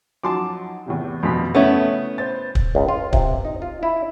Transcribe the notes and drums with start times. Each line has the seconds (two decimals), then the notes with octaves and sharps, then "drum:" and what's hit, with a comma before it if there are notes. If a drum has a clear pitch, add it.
0.24 F3 F#3 D#4 A5 C6 D6
0.86 E2 A2 C3
1.23 G#1 F2 B2 B6
1.55 C#3 A3 B3 C#4 E4
2.18 B4 C5 A6
2.55 drum: kick
2.75 C#2
2.88 F4
3.13 C3, drum: kick
3.45 D#4
3.62 F4
3.83 E4